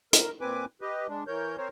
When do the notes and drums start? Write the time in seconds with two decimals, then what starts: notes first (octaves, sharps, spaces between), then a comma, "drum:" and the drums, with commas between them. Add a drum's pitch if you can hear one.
0.13 A#4, drum: hi-hat
0.41 A#2 C4 B4 G#5 D6
0.81 G4 B4 D#5
1.08 G#3 D4
1.27 E3 A#4 C#5 G6
1.57 C4 A#4 C5 C#5